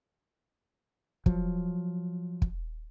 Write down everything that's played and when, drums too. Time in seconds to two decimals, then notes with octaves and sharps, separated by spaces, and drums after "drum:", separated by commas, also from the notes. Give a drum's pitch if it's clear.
1.26 F3 F#3, drum: kick
2.42 drum: kick